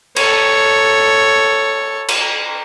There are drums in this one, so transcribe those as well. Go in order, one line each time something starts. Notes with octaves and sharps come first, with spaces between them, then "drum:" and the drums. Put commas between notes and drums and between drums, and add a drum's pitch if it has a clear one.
A4 C#5, drum: cymbal
drum: cymbal